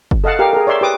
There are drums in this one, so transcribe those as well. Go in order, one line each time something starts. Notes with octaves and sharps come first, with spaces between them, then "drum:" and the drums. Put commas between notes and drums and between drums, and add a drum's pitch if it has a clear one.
drum: kick F#1
A4 D#5 F5 F#5 A5
G4 A#4 F5
G#4 A#4
C#5 D5 E5 C6
G4 B4 D6 D#6